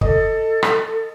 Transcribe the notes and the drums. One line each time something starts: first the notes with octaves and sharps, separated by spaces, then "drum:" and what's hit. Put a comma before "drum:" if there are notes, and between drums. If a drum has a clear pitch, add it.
A4 D#5, drum: kick
drum: rim click